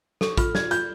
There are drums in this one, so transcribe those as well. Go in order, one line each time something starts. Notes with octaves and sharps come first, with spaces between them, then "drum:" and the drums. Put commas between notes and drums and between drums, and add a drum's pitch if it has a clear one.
A4 C#6, drum: snare
F4 F6, drum: kick, hi-hat
D5 G#6, drum: snare
F4 G6, drum: hi-hat